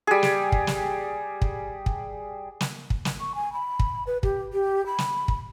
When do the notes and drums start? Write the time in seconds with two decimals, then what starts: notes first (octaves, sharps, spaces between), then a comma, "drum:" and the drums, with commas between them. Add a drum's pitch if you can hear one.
0.07 G3 G#4
0.23 drum: snare
0.52 drum: kick
0.67 drum: snare
1.42 drum: kick
1.86 drum: kick
2.61 drum: snare
2.90 drum: kick
3.05 drum: snare
3.20 C#6
3.35 G#5
3.53 B5
3.79 drum: kick
4.07 B4
4.23 G4, drum: kick
4.53 G4
4.86 B5
4.98 drum: snare
5.28 drum: kick